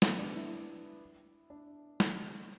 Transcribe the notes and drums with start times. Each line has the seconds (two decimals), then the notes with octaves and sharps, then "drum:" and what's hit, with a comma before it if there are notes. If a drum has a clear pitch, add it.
0.02 B3, drum: snare
0.19 D4
0.35 E4
1.50 D4
2.00 drum: snare